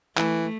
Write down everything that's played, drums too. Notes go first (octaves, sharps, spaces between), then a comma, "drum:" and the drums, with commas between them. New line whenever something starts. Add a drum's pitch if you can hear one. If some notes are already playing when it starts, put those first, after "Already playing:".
E3 A3, drum: clap